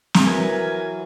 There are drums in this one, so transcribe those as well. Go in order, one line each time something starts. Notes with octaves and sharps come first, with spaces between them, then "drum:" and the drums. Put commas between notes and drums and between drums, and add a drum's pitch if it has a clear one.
drum: snare
E3 F#3 A#4 B4 G#5